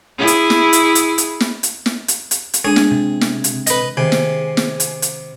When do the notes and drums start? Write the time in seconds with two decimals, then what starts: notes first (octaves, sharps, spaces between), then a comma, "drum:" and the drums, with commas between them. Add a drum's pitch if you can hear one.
0.18 E4 G#4
0.27 drum: hi-hat
0.50 drum: snare
0.73 drum: hi-hat
0.95 drum: hi-hat
1.18 drum: hi-hat
1.40 drum: snare
1.63 drum: hi-hat
1.86 drum: snare
2.08 drum: hi-hat
2.31 drum: hi-hat
2.54 drum: hi-hat
2.65 G#3 D4 G#4 C#5 G#5
2.76 drum: snare
2.91 C3
3.21 drum: snare
3.44 drum: hi-hat
3.67 B4 D#5, drum: hi-hat
3.97 C3 D#3 G#4
4.12 drum: snare
4.57 drum: snare
4.80 drum: hi-hat
5.02 drum: hi-hat